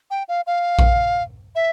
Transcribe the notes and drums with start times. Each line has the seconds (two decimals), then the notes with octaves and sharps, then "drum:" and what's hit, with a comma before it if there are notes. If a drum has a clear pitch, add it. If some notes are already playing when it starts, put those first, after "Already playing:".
0.11 G5
0.28 F5
0.47 F5
0.79 drum: kick A#1
1.55 E5